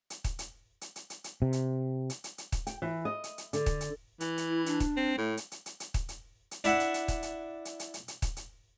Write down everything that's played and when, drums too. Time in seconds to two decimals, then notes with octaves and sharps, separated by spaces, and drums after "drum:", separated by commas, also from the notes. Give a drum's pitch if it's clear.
0.10 drum: hi-hat
0.24 drum: kick, hi-hat
0.39 drum: hi-hat
0.81 drum: hi-hat
0.96 drum: hi-hat
1.10 drum: hi-hat
1.24 drum: hi-hat
1.42 C3
1.53 drum: hi-hat
2.10 drum: hi-hat
2.24 drum: hi-hat
2.38 drum: hi-hat
2.52 drum: kick, hi-hat
2.67 G5, drum: hi-hat
2.82 E3
3.05 D#5
3.24 drum: hi-hat
3.38 drum: hi-hat
3.53 D3, drum: hi-hat
3.66 drum: kick, hi-hat
3.81 drum: hi-hat
4.20 E3, drum: hi-hat
4.38 drum: hi-hat
4.48 E4
4.66 D4, drum: hi-hat
4.80 drum: kick, hi-hat
4.96 C4
5.18 A2 A3
5.37 drum: hi-hat
5.52 drum: hi-hat
5.66 drum: hi-hat
5.80 drum: hi-hat
5.94 drum: kick, hi-hat
6.09 drum: hi-hat
6.51 drum: hi-hat
6.64 D4 E4 E5 F#5, drum: hi-hat
6.80 drum: hi-hat
6.94 drum: hi-hat
7.08 drum: kick, hi-hat
7.23 drum: hi-hat
7.65 drum: hi-hat
7.80 drum: hi-hat
7.94 drum: hi-hat
8.08 drum: hi-hat
8.22 drum: kick, hi-hat
8.37 drum: hi-hat